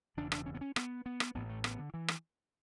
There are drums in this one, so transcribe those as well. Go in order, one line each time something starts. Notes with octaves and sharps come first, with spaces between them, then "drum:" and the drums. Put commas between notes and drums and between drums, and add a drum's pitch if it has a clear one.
E1 E2 C#3 D4
D4, drum: rim click
C#4
B3
C#4
B3, drum: rim click
B3
drum: rim click
A1 A2 B3
A3
B3, drum: rim click
D3
E3
drum: rim click